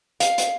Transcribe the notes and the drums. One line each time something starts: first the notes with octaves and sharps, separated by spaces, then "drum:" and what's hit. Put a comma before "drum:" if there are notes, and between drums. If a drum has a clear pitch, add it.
F5, drum: hi-hat
drum: hi-hat